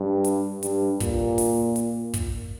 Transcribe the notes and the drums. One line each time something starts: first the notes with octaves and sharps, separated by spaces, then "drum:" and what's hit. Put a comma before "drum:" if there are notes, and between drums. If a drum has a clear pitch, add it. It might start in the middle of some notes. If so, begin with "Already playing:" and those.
Already playing: G2
drum: hi-hat
G2, drum: hi-hat
A#2, drum: kick, hi-hat
drum: open hi-hat
drum: hi-hat
drum: kick, hi-hat